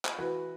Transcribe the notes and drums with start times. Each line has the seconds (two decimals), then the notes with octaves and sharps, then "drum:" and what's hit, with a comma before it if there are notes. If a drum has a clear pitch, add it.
0.05 drum: clap
0.18 E3 F#4 B4